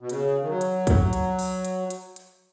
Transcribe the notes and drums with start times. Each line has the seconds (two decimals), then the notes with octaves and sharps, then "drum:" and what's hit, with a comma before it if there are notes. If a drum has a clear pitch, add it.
0.01 B2
0.09 C#3, drum: hi-hat
0.42 D#3
0.48 F#3
0.61 drum: hi-hat
0.87 drum: kick, hi-hat
1.13 drum: hi-hat
1.39 drum: open hi-hat
1.65 drum: hi-hat
1.90 drum: hi-hat
2.16 drum: hi-hat